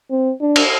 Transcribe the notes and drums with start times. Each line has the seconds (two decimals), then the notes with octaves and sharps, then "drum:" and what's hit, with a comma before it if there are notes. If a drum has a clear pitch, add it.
0.11 C4
0.41 D4
0.56 drum: cymbal